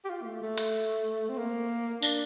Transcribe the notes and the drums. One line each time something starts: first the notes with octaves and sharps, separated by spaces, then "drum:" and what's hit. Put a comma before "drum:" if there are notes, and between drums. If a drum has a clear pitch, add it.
G4
F4
A#3
A3
A3
drum: hi-hat
C4
A#3
D4, drum: tambourine